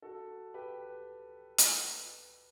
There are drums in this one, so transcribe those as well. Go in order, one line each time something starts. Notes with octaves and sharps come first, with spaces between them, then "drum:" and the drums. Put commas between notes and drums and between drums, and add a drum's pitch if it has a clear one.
F#4 A4
G4 B4
drum: hi-hat